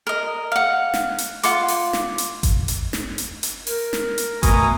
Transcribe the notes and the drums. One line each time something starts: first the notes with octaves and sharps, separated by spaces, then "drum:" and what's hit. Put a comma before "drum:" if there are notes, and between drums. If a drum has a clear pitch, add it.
A#4 D#5
F5 F#5
drum: snare
drum: hi-hat
F4 F#5 C6 D6, drum: hi-hat
drum: open hi-hat
drum: snare
drum: hi-hat
drum: kick G1, hi-hat
drum: hi-hat
drum: snare
drum: hi-hat
drum: hi-hat
A#4, drum: open hi-hat
drum: snare
drum: hi-hat
B2 A3 G#5 A#5 D#6, drum: kick G1, hi-hat